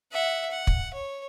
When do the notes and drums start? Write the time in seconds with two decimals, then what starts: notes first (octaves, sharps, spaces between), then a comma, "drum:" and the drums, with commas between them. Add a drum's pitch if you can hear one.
0.13 E5 F#5
0.51 F#5
0.67 drum: kick
0.94 C#5